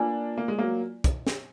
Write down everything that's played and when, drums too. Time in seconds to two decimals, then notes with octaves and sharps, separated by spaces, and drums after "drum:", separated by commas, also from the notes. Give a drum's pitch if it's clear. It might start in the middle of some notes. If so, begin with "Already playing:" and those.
Already playing: A#3 D4 F4 B4 D5 G#5
0.38 A#3
0.48 G#3
0.58 F#3 A#3
1.04 drum: kick, hi-hat
1.27 drum: snare